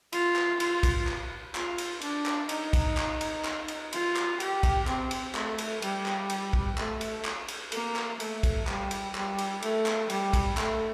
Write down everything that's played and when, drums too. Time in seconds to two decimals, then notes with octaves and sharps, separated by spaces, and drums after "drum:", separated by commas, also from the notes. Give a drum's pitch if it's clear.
0.13 F4, drum: cymbal
0.36 drum: clap
0.60 F4, drum: cymbal
0.83 drum: kick, cymbal
1.07 drum: clap
1.55 F4, drum: clap
1.78 drum: cymbal
2.01 D4, drum: cymbal
2.26 drum: clap
2.49 D#4, drum: cymbal
2.73 drum: kick, cymbal
2.97 drum: clap
3.21 drum: cymbal
3.45 drum: clap
3.68 drum: cymbal
3.93 F4, drum: cymbal
4.16 drum: clap
4.40 G4, drum: cymbal
4.63 drum: kick, cymbal
4.87 C4, drum: clap
5.11 drum: cymbal
5.35 A3, drum: clap
5.58 drum: cymbal
5.82 G3, drum: cymbal
6.06 drum: clap
6.30 drum: cymbal
6.53 drum: kick
6.78 A3, drum: clap
7.01 drum: cymbal
7.25 drum: clap
7.48 drum: cymbal
7.72 A#3, drum: cymbal
7.96 drum: clap
8.20 A3, drum: cymbal
8.43 drum: kick, cymbal
8.67 G3, drum: clap
8.91 drum: cymbal
9.15 G3, drum: clap
9.38 drum: cymbal
9.62 A3, drum: cymbal
9.86 drum: clap
10.10 G3, drum: cymbal
10.33 drum: kick, cymbal
10.57 A3, drum: clap